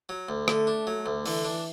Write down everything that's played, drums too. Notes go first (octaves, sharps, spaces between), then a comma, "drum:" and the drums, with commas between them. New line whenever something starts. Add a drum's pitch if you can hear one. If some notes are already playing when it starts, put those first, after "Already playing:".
F#3
D2
D3 A3, drum: rim click
D4
F#3
D2
D3 E3, drum: open hi-hat
D4